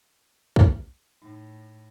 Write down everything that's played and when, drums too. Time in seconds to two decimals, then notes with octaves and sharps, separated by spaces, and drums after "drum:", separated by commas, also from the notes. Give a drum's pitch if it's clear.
0.56 drum: kick
1.22 A2 D#4